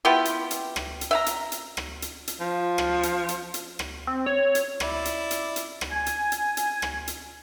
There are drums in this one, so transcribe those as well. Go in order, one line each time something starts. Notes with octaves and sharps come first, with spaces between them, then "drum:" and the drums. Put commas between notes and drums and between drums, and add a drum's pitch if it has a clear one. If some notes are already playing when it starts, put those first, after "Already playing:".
B3 E4 F4 G4
drum: hi-hat
drum: hi-hat
drum: rim click
drum: hi-hat
E5 F5 A#5
drum: hi-hat
drum: hi-hat
drum: rim click
drum: hi-hat
drum: hi-hat
F3
drum: rim click
drum: hi-hat
drum: hi-hat
drum: hi-hat
drum: rim click
C4
C#5
drum: hi-hat
E4 D5, drum: rim click
drum: hi-hat
drum: hi-hat
drum: hi-hat
drum: rim click
G#5
drum: hi-hat
drum: hi-hat
drum: hi-hat
drum: rim click
drum: hi-hat